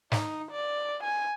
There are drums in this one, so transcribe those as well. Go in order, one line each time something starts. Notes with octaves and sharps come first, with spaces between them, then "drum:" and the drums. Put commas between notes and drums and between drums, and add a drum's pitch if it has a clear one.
D#4, drum: snare
D5
G#5